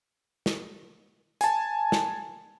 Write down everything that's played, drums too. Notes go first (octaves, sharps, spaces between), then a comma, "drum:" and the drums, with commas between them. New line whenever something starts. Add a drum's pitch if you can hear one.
drum: snare
G#5 A5, drum: hi-hat
drum: snare